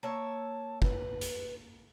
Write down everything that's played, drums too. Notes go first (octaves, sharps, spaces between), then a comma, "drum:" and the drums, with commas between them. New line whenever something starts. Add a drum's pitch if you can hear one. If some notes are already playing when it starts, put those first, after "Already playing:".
A#3 C#5 E5 A5
B4, drum: kick
drum: hi-hat